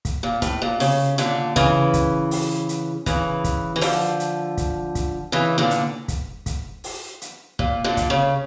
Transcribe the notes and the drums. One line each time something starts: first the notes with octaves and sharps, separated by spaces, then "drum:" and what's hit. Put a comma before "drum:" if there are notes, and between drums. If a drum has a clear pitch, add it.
drum: kick, hi-hat
A#2
A2, drum: kick, hi-hat
A#2
C#3, drum: open hi-hat
A#2 D3, drum: hi-hat
C#3 E3, drum: kick, hi-hat
drum: kick, hi-hat
drum: open hi-hat
drum: hi-hat
C#3 E3, drum: kick, hi-hat
drum: kick, hi-hat
E3
D3 F3, drum: open hi-hat
drum: hi-hat
drum: kick, hi-hat
drum: kick, hi-hat
C#3 E3
A#2 D3
drum: hi-hat
drum: kick, hi-hat
drum: kick, hi-hat
drum: open hi-hat
drum: hi-hat
A#2, drum: kick
A#2 D3
drum: kick, hi-hat
C#3